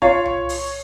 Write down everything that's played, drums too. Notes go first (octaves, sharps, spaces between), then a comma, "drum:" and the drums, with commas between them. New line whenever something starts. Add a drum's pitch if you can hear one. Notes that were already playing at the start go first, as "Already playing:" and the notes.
F4 C#5 F5, drum: kick
drum: tom C2
drum: open hi-hat